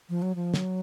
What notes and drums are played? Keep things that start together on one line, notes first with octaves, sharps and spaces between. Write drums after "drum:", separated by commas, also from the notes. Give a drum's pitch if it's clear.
F3
F#3
F3
F#3, drum: snare